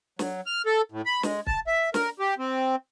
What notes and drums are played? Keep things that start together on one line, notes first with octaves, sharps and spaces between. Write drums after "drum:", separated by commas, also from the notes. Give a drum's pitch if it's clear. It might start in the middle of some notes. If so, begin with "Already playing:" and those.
F#3, drum: snare
F6
A4
A2
B5
G#3, drum: snare
A5, drum: kick
E5
A#4, drum: snare
G4
C4